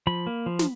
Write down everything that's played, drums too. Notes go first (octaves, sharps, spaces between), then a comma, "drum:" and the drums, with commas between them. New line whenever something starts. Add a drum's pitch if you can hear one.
F3 B5
A#3
F3
drum: snare